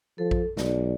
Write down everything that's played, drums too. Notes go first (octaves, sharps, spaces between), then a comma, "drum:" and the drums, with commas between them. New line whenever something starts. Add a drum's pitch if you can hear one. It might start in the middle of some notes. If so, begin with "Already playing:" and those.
F3 A4
drum: kick A#1
B1 D5, drum: snare